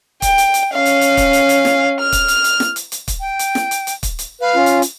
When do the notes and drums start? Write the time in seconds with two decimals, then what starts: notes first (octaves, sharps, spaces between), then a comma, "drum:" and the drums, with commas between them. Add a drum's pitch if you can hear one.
0.22 G5, drum: kick, hi-hat
0.38 drum: hi-hat
0.54 drum: hi-hat
0.73 C#4 F5
0.86 drum: hi-hat
1.01 drum: hi-hat
1.17 drum: kick, hi-hat
1.33 drum: hi-hat
1.49 drum: hi-hat
1.65 drum: snare
2.00 F6
2.12 drum: kick, hi-hat
2.28 drum: hi-hat
2.44 drum: hi-hat
2.60 drum: snare
2.76 drum: hi-hat
2.92 drum: hi-hat
3.08 drum: kick, hi-hat
3.20 G5
3.39 drum: hi-hat
3.55 drum: snare
3.71 drum: hi-hat
3.87 drum: hi-hat
4.03 drum: kick, hi-hat
4.19 drum: hi-hat
4.41 B4 F5
4.55 C#4 F4
4.66 drum: hi-hat
4.82 drum: hi-hat